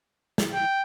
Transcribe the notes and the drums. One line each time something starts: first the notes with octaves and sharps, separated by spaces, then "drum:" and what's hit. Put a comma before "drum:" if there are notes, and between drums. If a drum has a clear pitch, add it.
drum: snare
G5